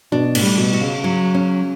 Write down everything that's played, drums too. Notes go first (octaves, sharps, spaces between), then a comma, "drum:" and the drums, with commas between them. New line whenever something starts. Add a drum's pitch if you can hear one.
B2 D4
A2, drum: cymbal
G3
B2
F#4
C#3
F#3
C#4